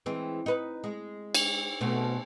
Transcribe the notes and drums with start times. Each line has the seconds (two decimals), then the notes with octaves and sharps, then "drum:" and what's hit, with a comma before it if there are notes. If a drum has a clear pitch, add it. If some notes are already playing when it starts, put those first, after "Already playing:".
0.06 E3 G#3 C4
0.46 D#4 B4
0.84 G#3
1.35 drum: cymbal
1.81 B2 A3 C4